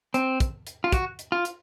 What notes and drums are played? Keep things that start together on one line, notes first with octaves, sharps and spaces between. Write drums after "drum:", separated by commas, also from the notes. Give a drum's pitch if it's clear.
C4, drum: hi-hat
drum: kick, hi-hat
drum: hi-hat
F4
F#4, drum: kick, hi-hat
drum: hi-hat
F4
drum: hi-hat